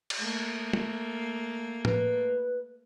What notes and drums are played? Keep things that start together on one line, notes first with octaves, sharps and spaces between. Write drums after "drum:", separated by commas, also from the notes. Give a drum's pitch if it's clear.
drum: cymbal
A3 A#3
drum: tom
B4, drum: tom